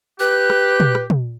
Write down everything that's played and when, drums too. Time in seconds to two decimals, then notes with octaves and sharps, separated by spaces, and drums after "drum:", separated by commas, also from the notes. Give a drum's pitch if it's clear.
0.20 G4 B4 F#6
0.50 drum: rim click
0.80 drum: tom
0.95 drum: rim click
1.10 drum: tom